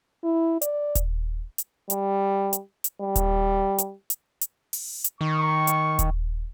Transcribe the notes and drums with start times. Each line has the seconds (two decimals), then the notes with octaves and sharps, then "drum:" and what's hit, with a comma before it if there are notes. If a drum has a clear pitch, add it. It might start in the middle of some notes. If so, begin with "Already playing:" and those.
0.24 E4
0.62 D5, drum: hi-hat
0.95 drum: kick D#1, hi-hat
1.58 drum: hi-hat
1.90 G3, drum: hi-hat
2.53 drum: hi-hat
2.84 drum: hi-hat
3.02 G3
3.16 drum: kick D#1, hi-hat
3.78 drum: hi-hat
4.10 drum: hi-hat
4.41 drum: hi-hat
4.73 drum: open hi-hat
5.04 drum: hi-hat
5.21 D#3 C#6
5.67 drum: hi-hat
5.99 drum: kick D#1, hi-hat